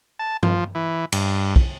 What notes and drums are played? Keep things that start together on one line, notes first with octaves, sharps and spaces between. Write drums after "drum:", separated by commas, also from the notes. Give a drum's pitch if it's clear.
A5
F3, drum: tom G2
E3
G2, drum: cymbal
drum: kick